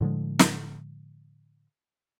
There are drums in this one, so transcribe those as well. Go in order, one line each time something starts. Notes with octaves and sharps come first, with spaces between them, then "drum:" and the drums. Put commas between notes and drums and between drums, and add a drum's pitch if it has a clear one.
A2 D3 F3 G#3
drum: snare